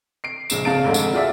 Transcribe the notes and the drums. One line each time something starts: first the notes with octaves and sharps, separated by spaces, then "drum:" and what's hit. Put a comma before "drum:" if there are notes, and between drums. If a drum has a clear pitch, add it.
C7 D7
A#1 C#3 G#3 E7, drum: tambourine
G#1 C#3 F5 A5 A6 D7
F1 G#2 D3
drum: tambourine
F4 F#4 G#4 D5 E5